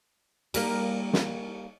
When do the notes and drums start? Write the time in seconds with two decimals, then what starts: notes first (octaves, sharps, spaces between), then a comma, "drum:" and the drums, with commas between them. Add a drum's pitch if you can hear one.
0.54 G3 A#3 A#4, drum: cymbal
1.13 drum: snare